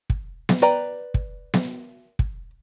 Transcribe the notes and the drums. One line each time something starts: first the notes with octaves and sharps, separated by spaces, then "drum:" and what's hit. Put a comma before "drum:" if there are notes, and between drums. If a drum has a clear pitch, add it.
drum: kick
drum: snare B3
B4 D5 G5 A#5
drum: kick
drum: snare B3
drum: kick